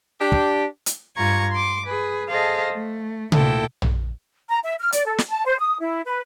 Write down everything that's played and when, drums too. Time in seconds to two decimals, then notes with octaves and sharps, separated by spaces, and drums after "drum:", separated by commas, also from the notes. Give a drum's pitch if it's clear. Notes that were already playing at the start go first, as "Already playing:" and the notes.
0.21 D4 G4
0.32 drum: kick
0.86 drum: hi-hat
1.17 G2 F4 A#5 C#6 G#6
1.51 C6 D6
1.85 G#4 B4
2.29 G#4 A4 C5 D#5 F5 A5
2.72 A3
3.32 D2 A#2 E4 A4 G5, drum: tom C3
3.82 drum: tom A#1
4.50 A#5
4.64 E5
4.80 F6
4.92 D5, drum: hi-hat
5.05 A4
5.18 drum: snare
5.28 A5
5.46 C5
5.60 D#6
5.80 E4
6.06 B4